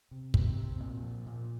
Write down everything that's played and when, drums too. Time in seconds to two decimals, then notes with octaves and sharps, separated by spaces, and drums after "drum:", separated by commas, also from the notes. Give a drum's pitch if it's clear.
0.11 C3
0.34 C3, drum: kick
0.57 C4
0.80 A#2
1.03 F3
1.26 A#2